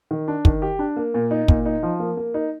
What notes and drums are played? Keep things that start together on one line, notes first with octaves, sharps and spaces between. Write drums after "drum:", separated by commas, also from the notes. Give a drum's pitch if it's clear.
D#3
D4
D#3, drum: kick
G4
D4
A#3
A#2
D#4
A#2, drum: kick
D#4
F3
A#3
A#3
D#4